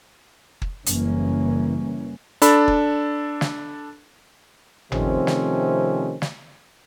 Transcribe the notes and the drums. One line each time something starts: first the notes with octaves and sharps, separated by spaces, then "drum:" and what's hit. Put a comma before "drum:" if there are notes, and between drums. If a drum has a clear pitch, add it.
drum: kick
F#1 C#3 E3 G3 A#3 C#4, drum: hi-hat
D4 A4 B5, drum: hi-hat
drum: kick
drum: snare
C3 D#3 F3 A3 C4 C#4, drum: tom G#1
drum: snare
drum: snare